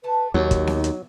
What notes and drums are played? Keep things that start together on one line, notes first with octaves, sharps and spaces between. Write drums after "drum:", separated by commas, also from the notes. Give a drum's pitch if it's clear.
B2 A3 B4 A5
D#2 F#3 G3 D#4 G4
drum: kick, hi-hat
drum: snare B3
drum: hi-hat